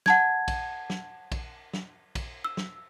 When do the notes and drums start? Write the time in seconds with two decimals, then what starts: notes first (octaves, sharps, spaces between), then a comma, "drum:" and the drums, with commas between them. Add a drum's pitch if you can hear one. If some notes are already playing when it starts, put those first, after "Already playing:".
0.06 F#5 A5 G#6, drum: snare
0.48 drum: kick, cymbal
0.90 drum: snare
1.32 drum: kick, cymbal
1.73 drum: snare
2.15 drum: kick, cymbal
2.44 E6
2.57 drum: snare